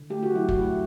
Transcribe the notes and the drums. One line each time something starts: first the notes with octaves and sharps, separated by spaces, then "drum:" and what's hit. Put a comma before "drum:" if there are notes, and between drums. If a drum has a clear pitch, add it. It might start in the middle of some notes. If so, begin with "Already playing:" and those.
Already playing: D3
A3 G4
F#4
F#3 E4
F#4, drum: kick
A3